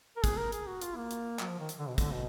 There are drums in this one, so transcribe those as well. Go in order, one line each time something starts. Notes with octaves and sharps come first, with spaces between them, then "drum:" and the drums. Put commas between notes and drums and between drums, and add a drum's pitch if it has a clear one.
A#4
G#4, drum: kick, hi-hat
A#4
G#4, drum: hi-hat
F#4
F4, drum: hi-hat
A#3
drum: hi-hat
F#3, drum: clap
F3
D#3
drum: hi-hat
D3
B2
D3, drum: kick, hi-hat
B2